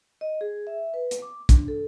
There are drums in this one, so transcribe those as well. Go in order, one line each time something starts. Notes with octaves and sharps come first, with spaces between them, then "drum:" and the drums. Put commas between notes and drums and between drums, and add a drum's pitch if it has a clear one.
D#5
G#4
E5
B4
drum: hi-hat
D6
D4, drum: kick, hi-hat
A4